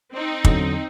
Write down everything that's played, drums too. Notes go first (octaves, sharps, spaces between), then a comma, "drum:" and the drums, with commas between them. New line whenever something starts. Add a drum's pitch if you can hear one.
C4 D#4
E2 D3 F#3, drum: kick